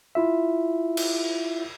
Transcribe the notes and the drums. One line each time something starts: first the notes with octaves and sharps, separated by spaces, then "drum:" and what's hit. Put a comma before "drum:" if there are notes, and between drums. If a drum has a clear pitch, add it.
E4 F4 E5
drum: cymbal